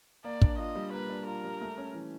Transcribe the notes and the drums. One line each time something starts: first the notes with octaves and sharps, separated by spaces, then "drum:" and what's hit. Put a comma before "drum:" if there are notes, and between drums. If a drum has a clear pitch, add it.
A#3 D5
D4, drum: kick
F4 D#5
G3
A#3 B4
D4
F4 A#4
G3
A3
C#4
E3